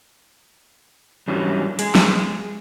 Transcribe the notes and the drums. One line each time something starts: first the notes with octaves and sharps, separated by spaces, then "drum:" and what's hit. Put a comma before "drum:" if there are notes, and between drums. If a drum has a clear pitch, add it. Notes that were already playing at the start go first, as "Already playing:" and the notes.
G#2 E3 F#3 G3 C#4 D4
G#3 G#4, drum: hi-hat
drum: snare